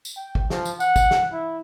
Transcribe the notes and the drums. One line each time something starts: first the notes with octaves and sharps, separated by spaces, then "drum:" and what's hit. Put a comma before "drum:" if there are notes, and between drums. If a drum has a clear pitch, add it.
drum: tambourine
G5
drum: kick
F3, drum: snare
drum: tambourine
F#5, drum: tambourine
drum: kick, tambourine
drum: snare
E4